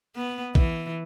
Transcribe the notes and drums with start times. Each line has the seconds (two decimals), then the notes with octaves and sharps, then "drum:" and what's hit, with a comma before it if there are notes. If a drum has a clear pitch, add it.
0.16 B3
0.55 E3, drum: kick